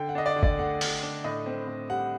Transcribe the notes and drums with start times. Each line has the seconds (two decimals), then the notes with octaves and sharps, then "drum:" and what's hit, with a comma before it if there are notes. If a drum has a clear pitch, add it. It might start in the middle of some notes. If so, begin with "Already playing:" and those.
Already playing: D3 G5
0.09 F#5
0.15 D4 D#5
0.26 D5
0.36 D3
0.43 D5, drum: kick
0.59 A3 F#5
0.81 D3, drum: open hi-hat
1.03 D4
1.24 A2 D#5
1.46 C4
1.68 A2
1.90 G3 F#5